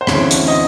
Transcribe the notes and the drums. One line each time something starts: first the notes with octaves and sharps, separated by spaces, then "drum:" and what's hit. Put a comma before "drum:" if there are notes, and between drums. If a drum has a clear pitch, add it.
C5
D2 C#3 E3 A3 C4 C#5, drum: rim click
drum: hi-hat
D#5